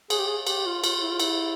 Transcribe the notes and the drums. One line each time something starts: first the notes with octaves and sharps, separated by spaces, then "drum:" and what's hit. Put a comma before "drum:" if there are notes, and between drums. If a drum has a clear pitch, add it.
G#4, drum: cymbal
G4
G#4
G4, drum: cymbal
F4
F4, drum: cymbal
E4
F4
E4, drum: cymbal